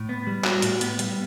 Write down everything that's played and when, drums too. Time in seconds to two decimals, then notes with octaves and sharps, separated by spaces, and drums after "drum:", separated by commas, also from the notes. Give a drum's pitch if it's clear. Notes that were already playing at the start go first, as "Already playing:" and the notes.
Already playing: A2
0.09 B3
0.27 G3
0.45 F#4, drum: clap
0.62 A2, drum: hi-hat
0.81 B3, drum: hi-hat
0.99 G3, drum: hi-hat